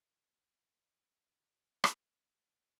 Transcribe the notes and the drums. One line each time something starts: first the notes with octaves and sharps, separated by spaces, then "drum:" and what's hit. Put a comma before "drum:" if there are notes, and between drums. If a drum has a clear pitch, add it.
A#1 D#3 G4 C6
drum: rim click